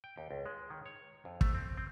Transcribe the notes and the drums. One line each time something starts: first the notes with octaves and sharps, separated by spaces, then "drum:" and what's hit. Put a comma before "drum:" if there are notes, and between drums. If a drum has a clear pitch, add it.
G5
D#2
C#2
G#3
D#3
C#5
F2
A3, drum: kick
C4
C4